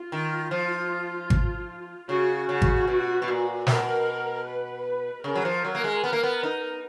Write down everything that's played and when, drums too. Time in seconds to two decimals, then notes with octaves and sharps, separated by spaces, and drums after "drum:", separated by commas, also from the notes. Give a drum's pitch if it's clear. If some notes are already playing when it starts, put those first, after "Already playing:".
Already playing: F4
0.12 D#3
0.51 F3
1.30 drum: kick G#1
2.09 C#3 F#4
2.49 C#3
2.62 drum: kick G#1
2.87 B2
3.22 B2
3.28 A#2
3.67 B2 A#4, drum: snare
4.46 B4
5.24 C#3 A#4
5.35 F#3
5.45 F3
5.64 F#3
5.75 A#3
5.84 G#3
6.04 B3
6.13 A#3
6.23 B3
6.43 D#4